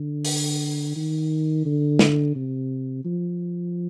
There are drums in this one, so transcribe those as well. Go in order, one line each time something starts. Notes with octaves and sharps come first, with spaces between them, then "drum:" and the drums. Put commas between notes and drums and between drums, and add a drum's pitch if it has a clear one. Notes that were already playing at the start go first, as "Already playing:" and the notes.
Already playing: D3
drum: open hi-hat
D#3
D3
drum: snare
C3
F3